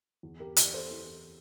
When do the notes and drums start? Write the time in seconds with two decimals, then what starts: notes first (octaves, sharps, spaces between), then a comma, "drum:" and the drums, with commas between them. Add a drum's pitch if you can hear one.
0.23 E2
0.40 G4 A#4
0.56 E2, drum: hi-hat
0.64 D5
0.73 A4 C5
0.91 E3